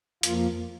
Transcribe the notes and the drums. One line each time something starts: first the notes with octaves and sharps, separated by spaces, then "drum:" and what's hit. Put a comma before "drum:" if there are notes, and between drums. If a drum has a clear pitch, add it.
F2 F3 A#3 F4, drum: hi-hat